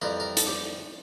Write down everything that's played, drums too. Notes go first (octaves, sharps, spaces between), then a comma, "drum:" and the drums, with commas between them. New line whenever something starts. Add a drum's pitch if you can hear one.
F2 E3 G3 A#4
A#4
A4, drum: hi-hat
G4